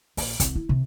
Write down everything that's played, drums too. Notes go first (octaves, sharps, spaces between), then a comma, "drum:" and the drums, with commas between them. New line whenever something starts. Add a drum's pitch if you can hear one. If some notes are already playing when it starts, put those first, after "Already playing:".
A#1, drum: open hi-hat
C2, drum: kick, hi-hat
E4
C3